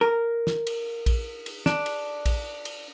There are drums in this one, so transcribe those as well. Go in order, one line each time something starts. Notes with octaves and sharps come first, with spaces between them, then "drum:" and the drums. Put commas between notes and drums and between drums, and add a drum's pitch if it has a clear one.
A#4
drum: snare
drum: cymbal
drum: kick, cymbal
drum: cymbal
D4, drum: snare
drum: cymbal
drum: kick, cymbal
drum: cymbal